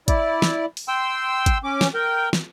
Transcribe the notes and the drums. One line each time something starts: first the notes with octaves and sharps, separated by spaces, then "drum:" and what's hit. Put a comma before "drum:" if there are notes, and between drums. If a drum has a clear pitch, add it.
E4 D5, drum: kick, hi-hat
drum: snare
drum: open hi-hat
G5 C6 E6
drum: kick, hi-hat
C#4 D6
drum: snare
A#4 G5
drum: snare